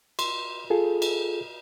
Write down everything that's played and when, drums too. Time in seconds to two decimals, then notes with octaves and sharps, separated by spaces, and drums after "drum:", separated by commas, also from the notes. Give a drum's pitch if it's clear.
0.19 C6, drum: cymbal
0.70 F4 G#4 A4
1.02 drum: cymbal